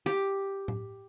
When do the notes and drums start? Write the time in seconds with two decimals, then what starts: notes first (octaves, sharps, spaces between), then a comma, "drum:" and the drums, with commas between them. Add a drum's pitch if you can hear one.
0.06 G4
0.68 drum: tom A2